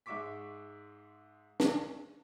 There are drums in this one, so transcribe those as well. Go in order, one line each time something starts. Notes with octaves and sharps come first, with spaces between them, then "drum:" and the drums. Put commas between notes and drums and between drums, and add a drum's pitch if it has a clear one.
G#2 G#3 E5 C#6 D6 B6
drum: snare